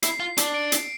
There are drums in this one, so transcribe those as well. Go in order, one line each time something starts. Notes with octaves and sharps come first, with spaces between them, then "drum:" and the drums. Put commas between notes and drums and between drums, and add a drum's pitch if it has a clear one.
E4 C7, drum: hi-hat
F4
D4, drum: hi-hat
D7
C7, drum: hi-hat